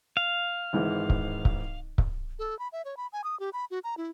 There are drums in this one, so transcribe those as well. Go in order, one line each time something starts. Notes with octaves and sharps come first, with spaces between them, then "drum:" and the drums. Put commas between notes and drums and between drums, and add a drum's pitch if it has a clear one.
F5
G#1 G#2 E3
drum: kick C#1
drum: kick C#1
drum: kick C#1
A4
B5
E5
C#5
B5
G#5
D#6
G4
B5
F#4
A#5
E4